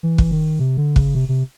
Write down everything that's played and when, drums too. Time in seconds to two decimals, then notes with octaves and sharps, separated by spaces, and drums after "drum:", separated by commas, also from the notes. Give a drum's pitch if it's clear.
0.03 E3
0.18 drum: kick
0.31 D#3
0.59 C3
0.77 D3
0.96 C#3, drum: kick
1.15 C3
1.29 C3